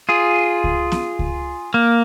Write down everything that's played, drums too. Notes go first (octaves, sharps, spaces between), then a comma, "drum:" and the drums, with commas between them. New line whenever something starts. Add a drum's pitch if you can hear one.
F4 G#4
drum: kick C#2
drum: snare B3
drum: kick C#2
A#3